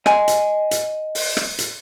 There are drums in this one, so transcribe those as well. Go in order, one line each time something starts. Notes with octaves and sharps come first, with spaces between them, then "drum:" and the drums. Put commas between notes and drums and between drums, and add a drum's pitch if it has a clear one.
D#5 G#5, drum: rim click
drum: hi-hat
drum: hi-hat
drum: open hi-hat
drum: rim click
drum: hi-hat